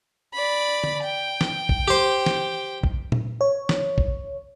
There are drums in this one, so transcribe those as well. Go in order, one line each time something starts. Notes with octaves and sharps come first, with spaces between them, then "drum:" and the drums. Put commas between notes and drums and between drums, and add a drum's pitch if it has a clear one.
D5 B5
drum: tom D3
G5
drum: snare
drum: kick
G4 C5
drum: snare
drum: kick
drum: tom A#2
C#5
drum: snare
drum: kick